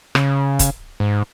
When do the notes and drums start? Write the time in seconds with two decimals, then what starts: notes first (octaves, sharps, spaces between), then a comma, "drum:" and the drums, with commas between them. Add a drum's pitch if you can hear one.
0.15 C#3, drum: rim click
0.59 drum: kick, hi-hat
1.00 G#2